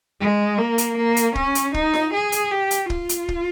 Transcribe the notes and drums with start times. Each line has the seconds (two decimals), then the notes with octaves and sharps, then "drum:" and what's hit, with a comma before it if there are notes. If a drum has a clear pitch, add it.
0.21 G#3
0.58 A#3
0.78 drum: hi-hat
0.97 A#3
1.17 drum: hi-hat
1.35 C#4, drum: kick
1.55 drum: hi-hat
1.74 D#4, drum: kick
1.94 drum: snare F4
2.13 G#4
2.32 drum: hi-hat
2.51 G4
2.71 drum: hi-hat
2.90 F4, drum: kick
3.09 drum: hi-hat
3.29 drum: kick